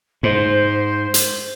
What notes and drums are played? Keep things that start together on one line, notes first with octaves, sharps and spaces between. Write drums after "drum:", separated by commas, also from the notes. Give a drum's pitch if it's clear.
G#2 C5
drum: hi-hat